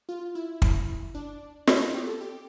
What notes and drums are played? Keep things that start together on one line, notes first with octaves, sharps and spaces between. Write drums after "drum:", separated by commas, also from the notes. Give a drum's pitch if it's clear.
F4
E4
drum: kick
D4
E4, drum: snare
F4
G4
A4
G4